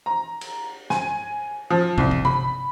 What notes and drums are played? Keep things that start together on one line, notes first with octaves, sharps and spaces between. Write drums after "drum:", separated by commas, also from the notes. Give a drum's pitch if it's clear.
A#5
drum: cymbal
G#5, drum: snare
F3
C2, drum: kick
drum: kick
B5, drum: tom C3